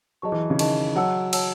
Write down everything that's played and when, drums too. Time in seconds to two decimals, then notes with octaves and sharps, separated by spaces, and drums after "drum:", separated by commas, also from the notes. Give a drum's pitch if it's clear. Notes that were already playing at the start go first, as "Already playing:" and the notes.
0.22 F#3 G#4 D#5 A5 C#6
0.32 E3
0.50 C#3
0.59 D#3 G#4 D#5 A5 C#6, drum: cymbal
0.95 F#3 C#5 F#5 A5 E6
1.33 C#5 F#5 A5 E6, drum: cymbal